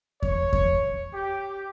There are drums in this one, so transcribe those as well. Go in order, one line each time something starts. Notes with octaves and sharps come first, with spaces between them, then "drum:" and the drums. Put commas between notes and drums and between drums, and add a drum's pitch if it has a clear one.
C#5, drum: kick E2
drum: kick E2
G4